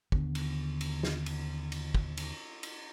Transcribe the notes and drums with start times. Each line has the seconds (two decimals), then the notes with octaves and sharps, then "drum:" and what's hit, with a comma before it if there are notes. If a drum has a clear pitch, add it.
0.12 D#2 D3 B3, drum: kick
0.35 drum: cymbal
0.81 drum: cymbal
1.03 drum: snare
1.26 drum: cymbal
1.72 drum: cymbal
1.95 drum: kick
2.17 drum: cymbal
2.63 drum: cymbal